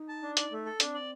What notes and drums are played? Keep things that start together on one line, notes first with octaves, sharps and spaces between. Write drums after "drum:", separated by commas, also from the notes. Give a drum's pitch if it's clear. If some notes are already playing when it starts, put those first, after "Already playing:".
Already playing: D#4
A5
D4
D5, drum: hi-hat
A3
A4
C4 D4, drum: hi-hat
D5